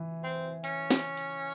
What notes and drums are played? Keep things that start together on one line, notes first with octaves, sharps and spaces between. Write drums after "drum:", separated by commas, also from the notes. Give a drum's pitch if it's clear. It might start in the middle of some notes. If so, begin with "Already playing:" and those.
Already playing: E3
C4
C#4, drum: hi-hat
drum: snare
drum: hi-hat